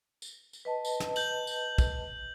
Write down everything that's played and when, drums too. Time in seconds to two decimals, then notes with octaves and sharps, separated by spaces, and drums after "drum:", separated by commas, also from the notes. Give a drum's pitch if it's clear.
0.22 drum: tambourine
0.53 drum: tambourine
0.65 B4 D#5 A5
0.85 drum: tambourine
1.00 drum: snare
1.16 G6 F#7, drum: tambourine
1.47 drum: tambourine
1.78 drum: kick, tambourine